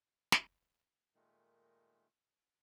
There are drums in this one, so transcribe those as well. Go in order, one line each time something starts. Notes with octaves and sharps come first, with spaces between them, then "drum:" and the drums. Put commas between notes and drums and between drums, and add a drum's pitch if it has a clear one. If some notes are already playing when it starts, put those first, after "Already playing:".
drum: snare
A#2 D#3 G#3 A3 D#4